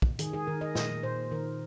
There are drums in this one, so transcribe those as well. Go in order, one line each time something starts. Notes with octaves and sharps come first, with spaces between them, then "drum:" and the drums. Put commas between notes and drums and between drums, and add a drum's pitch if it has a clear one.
drum: kick
D#3 G#4, drum: hi-hat
G#4
D#3 A#4
D#5
A#2 D#5, drum: snare
A#2 C5
D#3 A#4